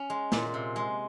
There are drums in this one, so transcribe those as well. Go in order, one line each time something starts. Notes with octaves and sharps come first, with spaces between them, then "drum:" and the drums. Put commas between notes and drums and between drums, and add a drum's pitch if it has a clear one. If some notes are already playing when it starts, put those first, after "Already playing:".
Already playing: C#4
G#3
A#2, drum: snare
C3
G#3